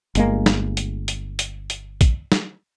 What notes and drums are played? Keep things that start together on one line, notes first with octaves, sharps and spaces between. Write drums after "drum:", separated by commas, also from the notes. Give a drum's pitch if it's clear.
G1 G#3 A#3, drum: hi-hat
drum: snare
drum: hi-hat
drum: hi-hat
drum: hi-hat
drum: hi-hat
drum: kick, hi-hat
drum: snare